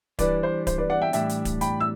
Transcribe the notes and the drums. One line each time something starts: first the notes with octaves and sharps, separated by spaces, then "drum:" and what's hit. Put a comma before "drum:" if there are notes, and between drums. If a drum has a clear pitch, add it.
E3 G3 D4 B4 D5, drum: kick D1, hi-hat
C5
C5, drum: kick D1, hi-hat
B4 D5
D5 F#5
E5 G5
A2 E3 G3 D4 E5 G5, drum: hi-hat
drum: hi-hat
drum: kick D1, hi-hat
G5 B5, drum: hi-hat
E6